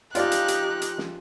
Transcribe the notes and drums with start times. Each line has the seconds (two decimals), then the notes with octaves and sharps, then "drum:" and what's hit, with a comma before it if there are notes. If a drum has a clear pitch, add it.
0.15 F3 C#4 D#4 F4 G4 D5 F5 F#6, drum: hi-hat
0.32 drum: hi-hat
0.48 drum: hi-hat
0.82 drum: hi-hat
0.98 drum: snare